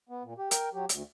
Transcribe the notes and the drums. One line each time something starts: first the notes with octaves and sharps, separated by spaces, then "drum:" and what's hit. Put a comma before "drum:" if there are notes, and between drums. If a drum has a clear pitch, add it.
B3
A#2
G4
A#4 G5, drum: hi-hat
F#3 G4
D2, drum: hi-hat